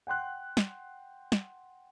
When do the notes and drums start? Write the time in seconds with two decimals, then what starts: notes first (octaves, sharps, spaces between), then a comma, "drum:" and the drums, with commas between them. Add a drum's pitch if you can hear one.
0.07 F#5 G5 C6 F#6
0.57 drum: snare
1.32 drum: snare